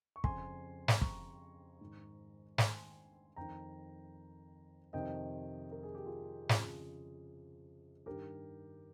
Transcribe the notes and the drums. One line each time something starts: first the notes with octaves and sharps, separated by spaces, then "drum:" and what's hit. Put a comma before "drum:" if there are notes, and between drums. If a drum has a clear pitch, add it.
C#6
F2 C#3 G#5 C6, drum: kick
drum: snare
A#5 C#6, drum: kick
G#2 D#3
G#5 C6, drum: snare
F2 D#3 G5 A#5
F2 C3 D#3 D#5 G5
A#4
G#4
G4
F4 G#4
F2 C#3 F4 G#4, drum: snare
G2 D#3 G4 A#4